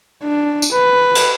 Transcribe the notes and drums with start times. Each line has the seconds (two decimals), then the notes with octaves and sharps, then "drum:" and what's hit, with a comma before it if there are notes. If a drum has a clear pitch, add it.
0.23 D4
0.62 drum: tambourine
0.73 B4
1.15 drum: cymbal